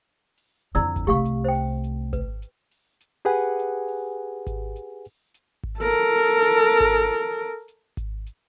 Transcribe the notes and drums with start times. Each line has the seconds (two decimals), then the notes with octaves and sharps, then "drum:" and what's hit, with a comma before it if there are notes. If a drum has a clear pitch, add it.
0.38 drum: open hi-hat
0.75 F2 D3 E4 D5 E6
0.96 drum: kick G#1, hi-hat
1.07 C2 A3 G4 F5 C#6
1.25 drum: hi-hat
1.44 C5 G5
1.54 drum: open hi-hat
1.84 drum: hi-hat
2.13 B4, drum: kick G#1, hi-hat
2.42 drum: hi-hat
2.71 drum: open hi-hat
3.01 drum: hi-hat
3.25 G4 G#4 B4 F#5 G#5
3.59 drum: hi-hat
3.88 drum: open hi-hat
4.47 drum: kick G#1, hi-hat
4.76 drum: hi-hat
5.05 drum: open hi-hat
5.34 drum: hi-hat
5.63 drum: kick G#1
5.79 A4 A#4
5.93 drum: hi-hat
6.22 drum: open hi-hat
6.51 drum: hi-hat
6.80 drum: kick G#1, hi-hat
7.10 drum: hi-hat
7.39 drum: open hi-hat
7.68 drum: hi-hat
7.97 drum: kick G#1, hi-hat
8.26 drum: hi-hat